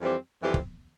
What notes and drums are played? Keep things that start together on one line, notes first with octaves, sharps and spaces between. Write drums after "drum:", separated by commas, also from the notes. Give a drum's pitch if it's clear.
F2 E3 G3 C4 G4
F2 E3 G3 C4 G4
drum: kick